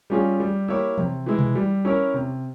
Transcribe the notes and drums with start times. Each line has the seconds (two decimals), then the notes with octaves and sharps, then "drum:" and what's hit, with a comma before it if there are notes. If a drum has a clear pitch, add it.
0.10 G3 C#4 F4 G#4
0.40 G3
0.68 A#3 E4 G4 C#5
0.98 C3, drum: tom E3
1.26 E3 G#3 E4
1.39 drum: tom B2
1.55 G3
1.85 C#4 E4 A#4 C#5
2.14 C3